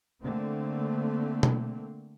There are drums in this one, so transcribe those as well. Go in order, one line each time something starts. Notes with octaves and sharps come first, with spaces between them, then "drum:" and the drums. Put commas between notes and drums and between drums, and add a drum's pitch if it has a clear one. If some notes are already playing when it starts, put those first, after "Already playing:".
D3 A3 A#3 C4
drum: tom B2